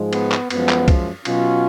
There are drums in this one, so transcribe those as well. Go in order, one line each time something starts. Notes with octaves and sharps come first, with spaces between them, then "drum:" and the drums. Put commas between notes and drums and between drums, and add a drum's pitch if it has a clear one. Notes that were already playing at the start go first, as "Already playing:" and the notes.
Already playing: G#2 F3 G#3
B3, drum: cymbal
drum: clap
F#2 F3 G#3 B3, drum: cymbal
drum: clap
drum: kick C2, cymbal
B2 F#3 C#4 F4, drum: cymbal